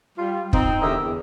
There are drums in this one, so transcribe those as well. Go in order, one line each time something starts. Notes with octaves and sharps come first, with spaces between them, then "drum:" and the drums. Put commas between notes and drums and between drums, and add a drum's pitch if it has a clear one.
G3 F4
C4 D#4, drum: kick
E2 D3 G4 A#4 D#5 E5
E2